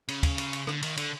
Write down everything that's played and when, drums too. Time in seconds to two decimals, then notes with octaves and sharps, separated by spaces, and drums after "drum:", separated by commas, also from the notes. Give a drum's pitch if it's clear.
0.08 C#3, drum: cymbal
0.23 drum: kick, cymbal
0.38 drum: cymbal
0.53 drum: cymbal
0.67 D3, drum: rim click
0.82 D#3, drum: cymbal
0.97 D3, drum: cymbal